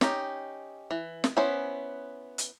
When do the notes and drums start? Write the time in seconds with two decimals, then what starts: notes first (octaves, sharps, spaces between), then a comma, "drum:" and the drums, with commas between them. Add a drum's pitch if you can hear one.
0.01 C#4 D#4 G4, drum: snare
0.91 E3
1.24 drum: snare
1.37 B3 C#4 E4 C5 G#5
2.38 drum: hi-hat